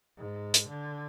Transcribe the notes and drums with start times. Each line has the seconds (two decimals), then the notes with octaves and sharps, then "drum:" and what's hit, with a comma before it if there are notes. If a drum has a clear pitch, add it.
0.17 G#2
0.54 drum: hi-hat
0.68 D3